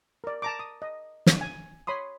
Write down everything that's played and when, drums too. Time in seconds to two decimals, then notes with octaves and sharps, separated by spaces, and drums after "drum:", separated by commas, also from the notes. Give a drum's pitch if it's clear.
0.24 A#4 D5
0.42 A5 A#5 D6
0.59 D#6
0.82 D#5
1.26 drum: snare
1.41 G#5
1.87 C#5 B5 C6 D#6